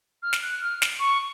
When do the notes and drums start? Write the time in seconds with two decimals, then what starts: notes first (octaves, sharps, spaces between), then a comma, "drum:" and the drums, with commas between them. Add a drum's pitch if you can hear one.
0.23 F6
0.33 drum: snare
0.42 F#6
0.62 F6
0.82 drum: snare
1.00 C#6